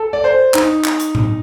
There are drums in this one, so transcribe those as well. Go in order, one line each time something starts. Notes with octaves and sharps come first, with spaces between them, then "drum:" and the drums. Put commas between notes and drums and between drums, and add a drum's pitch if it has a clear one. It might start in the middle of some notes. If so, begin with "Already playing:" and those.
Already playing: A4
D5
C5
D#4, drum: clap
drum: clap
drum: hi-hat
drum: tom A2